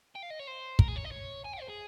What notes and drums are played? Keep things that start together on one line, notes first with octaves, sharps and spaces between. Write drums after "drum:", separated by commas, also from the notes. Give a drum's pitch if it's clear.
G5
F5
D#5
C#5
C5
A#4, drum: kick
G#4
C#5
D#5
C#5
G#5
G5
C5
G#4